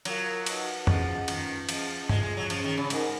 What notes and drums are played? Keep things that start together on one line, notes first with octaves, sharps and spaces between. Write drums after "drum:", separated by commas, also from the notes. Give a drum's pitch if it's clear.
F#3 F4 A#4 F5, drum: cymbal
D#4 F#4 B4 D#5 F#5, drum: cymbal
F3 C#4 G#4 D#5 F#5, drum: tom F2
D#3 G#3 C#4 F4 B4, drum: cymbal
F3 C#4 G#4 D#5 F#5, drum: cymbal
G#3 F4 G#4 D#5, drum: tom G2
G#3
F#3
F3 C#4 G#4 C#5, drum: cymbal
D#3
C#3
G#2 G#3 D#4 A#4 D#5 F#5, drum: cymbal